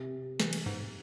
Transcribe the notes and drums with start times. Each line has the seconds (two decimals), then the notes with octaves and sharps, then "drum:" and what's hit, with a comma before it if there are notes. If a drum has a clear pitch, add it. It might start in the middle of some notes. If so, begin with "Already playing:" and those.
Already playing: C3
0.40 E3, drum: snare
0.53 drum: cymbal
0.66 G#2